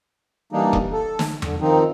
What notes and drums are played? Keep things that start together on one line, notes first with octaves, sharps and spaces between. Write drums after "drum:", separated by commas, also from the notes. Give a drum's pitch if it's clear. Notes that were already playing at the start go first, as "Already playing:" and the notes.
E3 G3 A#3 D4 D#4
drum: kick E1
A4
drum: snare
D3, drum: tom E2
D#3 F3 C4 D#4